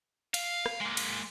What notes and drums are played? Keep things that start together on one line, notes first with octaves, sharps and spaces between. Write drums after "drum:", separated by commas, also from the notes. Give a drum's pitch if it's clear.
F5, drum: cymbal
drum: rim click
G#3 A#3
drum: cymbal